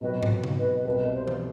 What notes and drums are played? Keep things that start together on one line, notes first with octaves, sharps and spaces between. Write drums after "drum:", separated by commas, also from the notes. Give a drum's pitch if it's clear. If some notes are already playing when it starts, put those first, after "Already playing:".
B2 F#3 C4 F#4 B4 D#5
drum: tom
drum: tom C#3
B4 D#5
C2 B2 G3 B4 D#5
C5
drum: tom E3